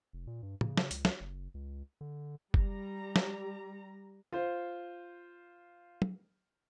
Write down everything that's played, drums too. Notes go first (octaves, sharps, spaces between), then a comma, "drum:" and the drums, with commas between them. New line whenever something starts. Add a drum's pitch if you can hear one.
F1
A#2
G2
C#3, drum: tom A2
drum: snare
C#2, drum: hi-hat
drum: snare
F#1
C#2
D3
G3 A#5, drum: kick
drum: snare
F4 C5
drum: tom